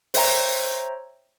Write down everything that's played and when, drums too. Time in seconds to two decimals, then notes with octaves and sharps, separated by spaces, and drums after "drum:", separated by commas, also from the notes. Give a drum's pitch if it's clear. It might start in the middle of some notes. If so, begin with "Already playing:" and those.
0.14 C5 C#5 E5 G5 A#5, drum: open hi-hat